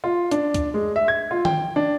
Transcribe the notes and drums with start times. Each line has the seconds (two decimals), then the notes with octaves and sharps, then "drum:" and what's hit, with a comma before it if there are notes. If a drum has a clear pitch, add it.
0.04 F4
0.31 D4, drum: hi-hat
0.54 drum: kick, hi-hat
0.74 G#3
0.96 E5
1.08 G#6
1.31 F4
1.45 G5, drum: tom D#3
1.76 D4